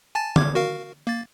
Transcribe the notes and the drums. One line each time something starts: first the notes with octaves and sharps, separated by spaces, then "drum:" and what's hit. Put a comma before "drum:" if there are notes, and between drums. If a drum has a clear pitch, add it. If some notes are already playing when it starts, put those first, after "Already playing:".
G#5 A5 A6
D6 G#6, drum: tom D3
F#4 A#4 F5
A#3 A6